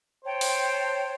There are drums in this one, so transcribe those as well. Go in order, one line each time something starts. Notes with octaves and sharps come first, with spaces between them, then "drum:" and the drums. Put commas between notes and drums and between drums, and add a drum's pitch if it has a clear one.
C5 C#5 G5 A5
drum: open hi-hat